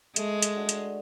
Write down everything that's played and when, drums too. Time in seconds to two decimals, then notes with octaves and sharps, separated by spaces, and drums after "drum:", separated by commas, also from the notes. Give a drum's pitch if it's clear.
0.16 G#3 A3, drum: hi-hat
0.42 drum: hi-hat
0.56 D4 F#4
0.69 drum: hi-hat